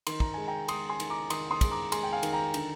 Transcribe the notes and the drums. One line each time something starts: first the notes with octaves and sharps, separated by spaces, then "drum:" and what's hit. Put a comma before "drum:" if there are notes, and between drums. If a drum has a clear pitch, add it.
D#3 C6, drum: cymbal
A#5, drum: kick
G#3 G#5
G5 A#5
G#3 C6 D#6, drum: cymbal
G#5 C6
D#3, drum: cymbal
A#5 D6
D#3 C6 D#6, drum: cymbal
C6 D#6
G#3, drum: kick, cymbal
A#5 D6
G#3 G#5 C6, drum: cymbal
G5
F5 G#5
D#3, drum: cymbal
G5 A#5
D3, drum: cymbal